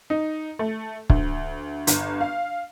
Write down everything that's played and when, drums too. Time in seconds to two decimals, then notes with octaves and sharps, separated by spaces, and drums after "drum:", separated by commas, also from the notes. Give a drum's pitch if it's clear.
0.10 D#4
0.59 A3
1.10 D2, drum: kick
1.87 G1, drum: hi-hat
2.21 F5